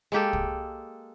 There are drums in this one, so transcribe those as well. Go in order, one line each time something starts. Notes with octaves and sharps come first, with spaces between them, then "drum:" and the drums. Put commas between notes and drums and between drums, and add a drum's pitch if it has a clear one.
G#3 A#3 G4 A4
drum: kick